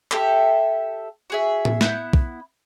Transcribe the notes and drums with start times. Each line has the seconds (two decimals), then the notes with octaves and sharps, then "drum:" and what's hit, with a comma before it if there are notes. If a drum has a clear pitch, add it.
0.11 G4 A4 E5, drum: clap
1.30 F#4 G#4 E5
1.65 drum: tom A2
1.81 B3 E4 F#5 G6, drum: snare
2.13 drum: kick